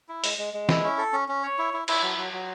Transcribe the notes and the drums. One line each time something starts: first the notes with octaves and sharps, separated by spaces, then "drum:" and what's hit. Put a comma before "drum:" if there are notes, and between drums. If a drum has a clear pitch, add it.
E4
G#3, drum: open hi-hat
G#3
G#3
E4, drum: snare
C#4
A4
C#4
C#4
C#5
E4
E4
E4, drum: cymbal
F#3
F#3
F#3